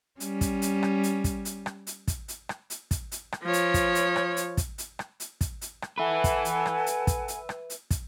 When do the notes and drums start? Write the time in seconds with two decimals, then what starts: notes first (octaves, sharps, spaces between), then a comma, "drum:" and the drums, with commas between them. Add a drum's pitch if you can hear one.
0.20 G3 C#4, drum: hi-hat
0.41 drum: kick, hi-hat
0.62 drum: hi-hat
0.83 drum: rim click
1.03 drum: hi-hat
1.24 drum: kick, hi-hat
1.45 drum: hi-hat
1.66 drum: rim click
1.87 drum: hi-hat
2.08 drum: kick, hi-hat
2.28 drum: hi-hat
2.49 drum: rim click
2.70 drum: hi-hat
2.91 drum: kick, hi-hat
3.12 drum: hi-hat
3.32 drum: rim click
3.43 F3 C#5
3.53 drum: hi-hat
3.74 drum: kick, hi-hat
3.95 drum: hi-hat
4.16 drum: rim click
4.37 drum: hi-hat
4.57 drum: kick, hi-hat
4.78 drum: hi-hat
4.99 drum: rim click
5.20 drum: hi-hat
5.41 drum: kick, hi-hat
5.61 drum: hi-hat
5.82 drum: rim click
5.98 A4 B4 E5 F#5 G#5
6.24 drum: kick, hi-hat
6.45 drum: hi-hat
6.66 drum: rim click
6.86 drum: hi-hat
7.07 drum: kick, hi-hat
7.28 drum: hi-hat
7.49 drum: rim click
7.70 drum: hi-hat
7.91 drum: kick, hi-hat